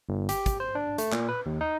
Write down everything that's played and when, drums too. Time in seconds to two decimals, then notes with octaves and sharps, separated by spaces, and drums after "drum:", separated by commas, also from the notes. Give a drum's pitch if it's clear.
0.09 G1
0.29 G4, drum: hi-hat
0.46 drum: kick, hi-hat
0.60 C5
0.75 D4
0.98 A3, drum: hi-hat
1.12 A#2, drum: clap
1.29 B4
1.46 D#2
1.61 D#4